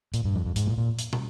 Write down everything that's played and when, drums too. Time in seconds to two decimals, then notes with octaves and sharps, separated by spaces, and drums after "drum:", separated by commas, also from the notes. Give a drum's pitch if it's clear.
0.14 A#2, drum: hi-hat
0.24 G2
0.35 F2
0.45 F2
0.56 G#2, drum: hi-hat
0.67 A#2
0.78 A#2
0.99 drum: hi-hat
1.13 drum: tom